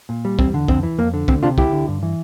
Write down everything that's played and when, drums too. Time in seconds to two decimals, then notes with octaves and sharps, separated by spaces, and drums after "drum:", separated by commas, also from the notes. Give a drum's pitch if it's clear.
0.09 A#2
0.25 G3
0.39 E2 C4, drum: kick
0.54 D3
0.68 F2 C4, drum: kick
0.83 E3
0.98 F2 A#3
1.14 D3
1.28 D2 C4, drum: kick
1.43 C3 D4 F4
1.58 D2 E4 G4, drum: kick
1.73 D3
1.88 G2
2.03 E3